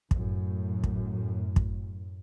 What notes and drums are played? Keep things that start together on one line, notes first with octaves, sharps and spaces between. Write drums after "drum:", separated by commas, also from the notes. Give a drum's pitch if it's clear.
F#2 A2, drum: kick
drum: kick
drum: kick